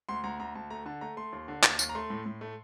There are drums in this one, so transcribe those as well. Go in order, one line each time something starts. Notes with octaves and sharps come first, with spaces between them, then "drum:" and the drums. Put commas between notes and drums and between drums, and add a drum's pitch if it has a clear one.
D2 C6
D2 A#5
D2 A#5
D2 A5
A3 A#5
D3 A5
A3 A#5
A3 C6
D#2
D3
D#2, drum: clap
D#2, drum: tambourine
A#5
A3 C6
A2
A2
A3